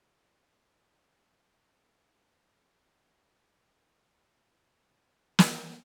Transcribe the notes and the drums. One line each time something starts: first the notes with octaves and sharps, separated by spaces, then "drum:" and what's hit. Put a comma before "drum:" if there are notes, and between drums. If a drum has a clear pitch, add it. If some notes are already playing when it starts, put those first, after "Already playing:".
G3 G4
G2
B4
G2 A#4
E3
A#3 C#5
E5
G#2 E5
D#5
G#2 A#4
E3 G#4
A#3 G4
D#4 G4
G2 E4
D#3 D#4
G#3 C#5
B3 D#5
G2 E5
E3
drum: snare